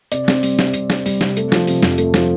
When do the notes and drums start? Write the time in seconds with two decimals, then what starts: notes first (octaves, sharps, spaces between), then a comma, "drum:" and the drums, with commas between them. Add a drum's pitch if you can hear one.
0.12 C3 D5, drum: hi-hat
0.28 C4, drum: snare
0.43 G3, drum: open hi-hat
0.59 C3, drum: snare
0.74 C3, drum: hi-hat
0.90 C4, drum: snare
1.06 G3, drum: open hi-hat
1.21 C3, drum: snare
1.37 A3, drum: hi-hat
1.52 F3, drum: snare
1.67 C3, drum: open hi-hat
1.83 F2, drum: snare
1.98 A3, drum: hi-hat
2.14 F3, drum: snare